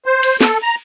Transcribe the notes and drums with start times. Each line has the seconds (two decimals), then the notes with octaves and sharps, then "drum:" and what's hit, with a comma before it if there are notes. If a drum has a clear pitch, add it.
0.06 C5
0.23 drum: cymbal
0.41 A4, drum: snare
0.62 A#5